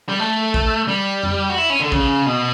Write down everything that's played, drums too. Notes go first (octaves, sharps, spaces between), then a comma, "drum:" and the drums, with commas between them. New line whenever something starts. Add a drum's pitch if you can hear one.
G3
A3
drum: kick
G3
drum: tom F2
F#4
E4
C#4
D3
C#3, drum: kick
B2